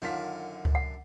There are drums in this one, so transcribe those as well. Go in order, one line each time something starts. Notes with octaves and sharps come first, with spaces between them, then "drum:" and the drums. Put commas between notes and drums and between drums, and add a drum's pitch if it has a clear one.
F#2 D3 D#3 F4 B6
drum: kick C#2
F#5